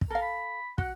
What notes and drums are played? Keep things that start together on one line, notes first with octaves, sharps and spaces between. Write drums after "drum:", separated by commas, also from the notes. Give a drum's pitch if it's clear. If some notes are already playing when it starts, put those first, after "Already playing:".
drum: kick
A4 A#4 F5
B5
F#4 F#5, drum: kick